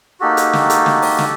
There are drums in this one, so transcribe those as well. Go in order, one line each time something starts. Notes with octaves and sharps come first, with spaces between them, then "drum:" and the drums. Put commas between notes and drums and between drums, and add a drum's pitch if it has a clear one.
A#3 D#4 F#4 G4 A4
drum: hi-hat
drum: snare
drum: hi-hat
drum: snare
drum: open hi-hat
drum: snare